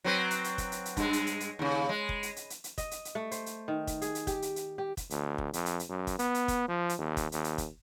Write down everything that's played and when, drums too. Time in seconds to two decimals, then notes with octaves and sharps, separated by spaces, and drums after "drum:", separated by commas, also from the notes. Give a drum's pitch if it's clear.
0.04 F#3 C4 B4
0.31 drum: hi-hat
0.44 drum: hi-hat
0.58 drum: kick, hi-hat
0.72 drum: hi-hat
0.85 drum: hi-hat
0.97 G2 G#3, drum: kick, hi-hat
1.13 drum: hi-hat
1.27 drum: hi-hat
1.40 drum: hi-hat
1.59 D#2 C#3
1.89 G#3
2.09 drum: kick
2.23 drum: hi-hat
2.36 drum: hi-hat
2.50 drum: hi-hat
2.64 drum: hi-hat
2.78 D#5, drum: kick, hi-hat
2.91 drum: hi-hat
3.05 drum: hi-hat
3.15 A3
3.31 C5, drum: hi-hat
3.46 drum: hi-hat
3.68 D#3
3.87 drum: kick, hi-hat
4.02 G#4, drum: hi-hat
4.15 drum: hi-hat
4.27 G4, drum: kick, hi-hat
4.42 drum: hi-hat
4.56 drum: hi-hat
4.78 G4
4.97 drum: kick, hi-hat
5.10 D2, drum: hi-hat
5.38 drum: kick
5.53 F2, drum: hi-hat
5.66 drum: hi-hat
5.80 drum: hi-hat
5.89 F#2
6.07 drum: kick, hi-hat
6.19 B3, drum: hi-hat
6.34 drum: hi-hat
6.48 drum: kick, hi-hat
6.68 F3
6.89 drum: hi-hat
6.99 D#2
7.17 drum: kick, hi-hat
7.32 D#2, drum: hi-hat
7.44 drum: hi-hat
7.58 drum: kick, hi-hat